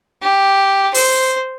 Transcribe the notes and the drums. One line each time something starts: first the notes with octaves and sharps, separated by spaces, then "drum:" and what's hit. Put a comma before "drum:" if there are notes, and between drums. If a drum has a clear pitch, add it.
G4
C5, drum: open hi-hat